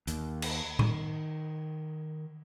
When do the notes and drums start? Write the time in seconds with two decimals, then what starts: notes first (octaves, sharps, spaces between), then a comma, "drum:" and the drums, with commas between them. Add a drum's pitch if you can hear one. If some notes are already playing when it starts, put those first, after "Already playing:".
0.07 D#2, drum: hi-hat
0.42 drum: cymbal
0.79 D#3, drum: tom A2